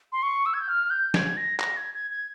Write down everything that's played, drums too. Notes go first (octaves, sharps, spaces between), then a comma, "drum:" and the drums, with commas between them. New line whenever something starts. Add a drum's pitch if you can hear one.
C6
C#6
E6
G#6
G6
F6
G6
G#6, drum: snare
A#6
A#6, drum: clap
G#6
G#6
G#6